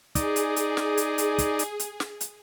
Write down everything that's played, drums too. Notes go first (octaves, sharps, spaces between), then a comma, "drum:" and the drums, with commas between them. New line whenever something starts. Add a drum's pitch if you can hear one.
D#4 G#4 D5, drum: kick, hi-hat
drum: hi-hat
drum: hi-hat
drum: snare
drum: hi-hat
drum: hi-hat
drum: kick, hi-hat
drum: hi-hat
drum: hi-hat
drum: snare
drum: hi-hat